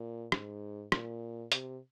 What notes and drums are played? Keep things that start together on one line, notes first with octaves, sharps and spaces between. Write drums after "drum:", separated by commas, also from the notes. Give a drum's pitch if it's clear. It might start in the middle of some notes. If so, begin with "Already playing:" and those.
Already playing: A#2
G#2, drum: rim click
A#2, drum: rim click
C3, drum: hi-hat